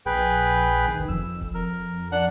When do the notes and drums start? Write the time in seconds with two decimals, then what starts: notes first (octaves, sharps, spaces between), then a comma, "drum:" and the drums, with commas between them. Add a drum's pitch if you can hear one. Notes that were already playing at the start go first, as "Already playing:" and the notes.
0.06 A#1 G#4 B4 G5
0.88 D#3
0.99 drum: kick
1.09 F2 E6
1.41 drum: kick
1.55 A#4
2.12 F2 D4 F#5